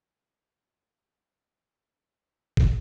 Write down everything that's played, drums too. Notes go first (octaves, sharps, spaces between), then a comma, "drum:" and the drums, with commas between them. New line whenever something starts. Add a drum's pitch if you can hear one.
D#4 G5
C5 C#5 E5
drum: kick